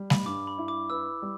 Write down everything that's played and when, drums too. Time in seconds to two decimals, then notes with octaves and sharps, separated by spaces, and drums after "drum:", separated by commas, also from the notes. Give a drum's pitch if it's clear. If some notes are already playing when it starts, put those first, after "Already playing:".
Already playing: G3
0.10 B5, drum: snare G3
0.25 G2 D6
0.47 B5
0.58 E4
0.68 D6
0.90 B4 E6
1.22 G3